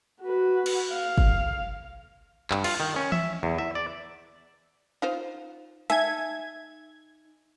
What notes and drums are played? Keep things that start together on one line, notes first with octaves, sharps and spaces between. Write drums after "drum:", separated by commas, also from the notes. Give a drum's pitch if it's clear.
F#4 B4
drum: cymbal
F5
drum: kick
G2, drum: clap
F4, drum: cymbal
D#3
C#4
E5, drum: tom E3
E2
E5
D5
D#4 F4 C5
D#4 E5 G#5 A5 G#6, drum: hi-hat